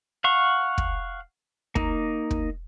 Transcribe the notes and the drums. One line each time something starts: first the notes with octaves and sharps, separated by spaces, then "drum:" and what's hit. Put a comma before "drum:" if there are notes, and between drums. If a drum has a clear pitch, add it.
F5 F#5 C#6
drum: kick
A#3 D#4, drum: kick
drum: kick